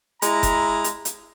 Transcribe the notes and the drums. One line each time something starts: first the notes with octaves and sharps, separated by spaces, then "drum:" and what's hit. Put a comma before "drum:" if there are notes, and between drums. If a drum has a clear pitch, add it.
G#3 E4 A#5, drum: hi-hat
drum: kick F1, hi-hat
drum: hi-hat
drum: hi-hat